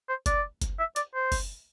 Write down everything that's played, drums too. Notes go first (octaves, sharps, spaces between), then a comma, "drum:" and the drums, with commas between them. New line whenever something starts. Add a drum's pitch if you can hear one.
C5
D5, drum: kick F#1, hi-hat
drum: kick F#1, hi-hat
E5
D5, drum: hi-hat
C5
drum: kick F#1, open hi-hat